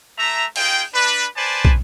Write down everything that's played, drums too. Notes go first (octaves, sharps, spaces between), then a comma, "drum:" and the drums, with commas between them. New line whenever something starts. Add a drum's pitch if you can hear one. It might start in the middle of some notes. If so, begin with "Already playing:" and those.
A3 E5 A#5
D#4 F4 G#4 G5, drum: open hi-hat
D4 B4
B4 C5 D5 G#5 A5
drum: kick